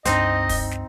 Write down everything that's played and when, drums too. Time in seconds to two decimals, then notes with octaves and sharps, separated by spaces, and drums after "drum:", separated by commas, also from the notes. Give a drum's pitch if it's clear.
0.05 C#2 G2 C4 D4 D#4 D#5, drum: hi-hat
0.49 drum: kick, open hi-hat
0.71 drum: snare